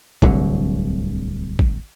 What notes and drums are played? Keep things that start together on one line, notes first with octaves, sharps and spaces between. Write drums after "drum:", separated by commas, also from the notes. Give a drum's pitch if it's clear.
D1 C2 D3 F#3, drum: kick
drum: kick